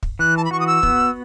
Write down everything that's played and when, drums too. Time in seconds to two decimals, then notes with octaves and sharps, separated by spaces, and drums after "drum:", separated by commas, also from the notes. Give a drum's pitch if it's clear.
0.03 drum: kick
0.19 E3 F#6
0.37 A5
0.45 B5
0.51 F#4 C#6
0.60 D#6
0.67 E6
0.83 B3, drum: kick